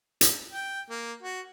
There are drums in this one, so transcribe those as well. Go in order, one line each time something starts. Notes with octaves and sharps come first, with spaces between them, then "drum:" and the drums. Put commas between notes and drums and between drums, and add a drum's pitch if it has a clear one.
drum: hi-hat
G5
A#3
F#4